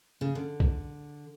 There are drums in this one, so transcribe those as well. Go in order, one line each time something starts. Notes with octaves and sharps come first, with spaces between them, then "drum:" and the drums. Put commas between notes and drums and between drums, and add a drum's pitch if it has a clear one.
C#3
D3
drum: kick